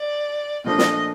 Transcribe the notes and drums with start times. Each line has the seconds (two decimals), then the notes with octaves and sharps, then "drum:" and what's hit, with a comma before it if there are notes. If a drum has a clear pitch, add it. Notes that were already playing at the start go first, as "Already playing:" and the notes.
Already playing: D5
0.64 A#2 F3 A3 D4 D#5
0.78 drum: snare